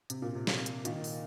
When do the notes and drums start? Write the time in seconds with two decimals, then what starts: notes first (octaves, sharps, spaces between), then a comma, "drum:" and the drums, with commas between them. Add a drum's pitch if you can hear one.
0.10 C3, drum: hi-hat
0.22 A#2
0.35 C3
0.47 drum: snare
0.66 drum: hi-hat
0.85 A#2 D#3, drum: hi-hat
1.04 drum: open hi-hat